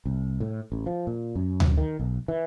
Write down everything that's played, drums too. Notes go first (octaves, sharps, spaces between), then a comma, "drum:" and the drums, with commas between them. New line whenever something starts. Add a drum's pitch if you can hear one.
C2
A2
A1
F3
A#2
F#2
drum: tom D2
D#3
B1
E3